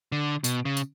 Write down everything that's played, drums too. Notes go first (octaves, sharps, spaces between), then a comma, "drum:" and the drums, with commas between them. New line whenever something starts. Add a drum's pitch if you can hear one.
D3
B2, drum: tambourine
C#3
drum: tambourine